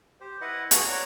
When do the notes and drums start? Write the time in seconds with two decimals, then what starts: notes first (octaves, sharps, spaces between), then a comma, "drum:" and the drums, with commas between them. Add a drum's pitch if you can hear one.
0.21 G4 C5
0.41 E4 B4 D#5 F#5
0.71 B3 F#4 G#4 A4, drum: hi-hat
0.88 C#5 D5 F#5 A#5